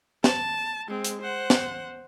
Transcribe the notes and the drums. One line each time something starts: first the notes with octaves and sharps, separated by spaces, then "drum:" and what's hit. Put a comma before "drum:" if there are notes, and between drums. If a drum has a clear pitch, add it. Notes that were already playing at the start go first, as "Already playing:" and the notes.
A5, drum: snare
G#3 C4
drum: hi-hat
C5 F#5
drum: snare